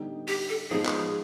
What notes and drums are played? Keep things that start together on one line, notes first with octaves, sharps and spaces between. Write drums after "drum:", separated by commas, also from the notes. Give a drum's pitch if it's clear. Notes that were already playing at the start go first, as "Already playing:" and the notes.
Already playing: D3 G3 B3 D#4 G4
G4, drum: open hi-hat
A4
F3 G#3 B3 D#4 G#4
drum: clap